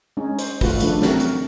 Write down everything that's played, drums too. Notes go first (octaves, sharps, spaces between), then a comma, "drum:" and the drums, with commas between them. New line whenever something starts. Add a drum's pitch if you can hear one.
G#3 C#4 D#4
C5, drum: hi-hat
D#3 A3 F4 F#4 B4, drum: kick, open hi-hat
C#3 F3 A3 D4 B4, drum: hi-hat
A3 C4 F#4 A#4, drum: snare
drum: hi-hat